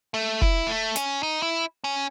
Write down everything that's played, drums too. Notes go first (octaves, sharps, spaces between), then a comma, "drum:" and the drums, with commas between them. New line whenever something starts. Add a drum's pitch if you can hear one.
A3
E4, drum: kick
A3
C#4, drum: hi-hat
D#4
E4
C#4